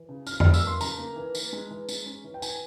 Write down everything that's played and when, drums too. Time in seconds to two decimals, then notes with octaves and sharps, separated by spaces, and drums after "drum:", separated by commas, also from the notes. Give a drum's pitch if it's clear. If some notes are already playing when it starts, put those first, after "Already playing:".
Already playing: E3
0.09 C#3
0.27 C#3 F6, drum: tambourine
0.40 C#3 F6, drum: tom F2
0.54 E6, drum: tambourine
0.63 A#3 C6
0.81 C#3 A#5, drum: tambourine
0.98 A#3
1.16 E3
1.35 E3, drum: tambourine
1.53 G#3
1.70 E3
1.89 G#3, drum: tambourine
2.06 C#4
2.24 E3
2.34 G5
2.42 E3 G#5, drum: tambourine